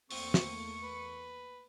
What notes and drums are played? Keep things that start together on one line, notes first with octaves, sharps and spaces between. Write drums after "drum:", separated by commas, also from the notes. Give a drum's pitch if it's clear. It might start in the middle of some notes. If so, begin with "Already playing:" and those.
E2 A3 A#3 C4 C#6, drum: open hi-hat
drum: snare
B4